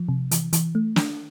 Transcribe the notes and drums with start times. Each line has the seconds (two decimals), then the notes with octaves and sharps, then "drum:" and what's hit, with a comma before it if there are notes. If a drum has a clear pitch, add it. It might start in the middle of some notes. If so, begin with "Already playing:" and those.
Already playing: F3
0.09 C3
0.31 E3, drum: hi-hat
0.53 E3, drum: hi-hat
0.75 A3
0.96 D4, drum: snare